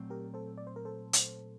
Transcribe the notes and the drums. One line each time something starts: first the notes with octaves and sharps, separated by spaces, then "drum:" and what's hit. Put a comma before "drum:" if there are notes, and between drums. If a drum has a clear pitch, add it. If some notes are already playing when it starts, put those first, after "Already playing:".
Already playing: A#2 F#3 A3 C4
G4 A#4
A4 C5
D5
C5
A#4
A4 C5
drum: hi-hat